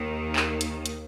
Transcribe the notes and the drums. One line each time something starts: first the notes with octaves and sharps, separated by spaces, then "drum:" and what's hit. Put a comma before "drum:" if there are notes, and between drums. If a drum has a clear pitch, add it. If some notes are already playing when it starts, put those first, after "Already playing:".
Already playing: D#2 D#3
drum: clap
drum: hi-hat
drum: hi-hat